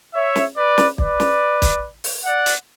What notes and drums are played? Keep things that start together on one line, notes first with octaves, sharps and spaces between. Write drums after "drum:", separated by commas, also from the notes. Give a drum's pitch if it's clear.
C#5 E5
drum: snare
B4 D5
drum: snare
B4 D5, drum: kick
drum: snare
drum: kick, hi-hat
drum: open hi-hat
D5 F#5
drum: hi-hat